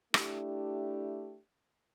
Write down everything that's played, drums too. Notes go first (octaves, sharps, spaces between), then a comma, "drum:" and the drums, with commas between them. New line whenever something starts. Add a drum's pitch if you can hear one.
A3 D4 E4 G4, drum: rim click